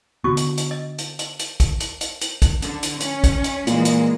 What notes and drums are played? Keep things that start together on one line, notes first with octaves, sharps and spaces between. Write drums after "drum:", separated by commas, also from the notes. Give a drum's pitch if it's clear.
D3 B3 F#4 C#6
drum: hi-hat
drum: hi-hat
D#5
drum: hi-hat
drum: hi-hat
drum: hi-hat
drum: kick, hi-hat
drum: hi-hat
drum: hi-hat
drum: hi-hat
drum: kick, hi-hat
D3, drum: hi-hat
drum: hi-hat
C#4, drum: hi-hat
drum: kick, hi-hat
drum: hi-hat
A#2 E3 G#3 A#3, drum: hi-hat
drum: hi-hat